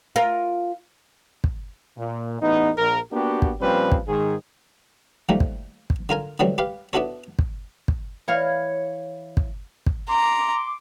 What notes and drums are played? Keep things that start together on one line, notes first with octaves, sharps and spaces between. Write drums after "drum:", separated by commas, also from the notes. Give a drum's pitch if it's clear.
F4 A#4
drum: kick
A#2
A1 E2 B3 D#4
A#1 A#4
A#3 B3 D4 F#4 G4
drum: kick
A#2 F3 G3 C4 C#4 B4
drum: kick
G#2 D#3 G#4
D#3 F3 G3 A3 A#3
drum: kick
drum: kick
D3 F4 A#4 G#5
D3 E3 F#3 G3 C4
G4 B4 F5
B3 D4 E4 F#4 A4 C#5
drum: kick
drum: kick
E3 C#5 F5
drum: kick
drum: kick
A#5 C6 D6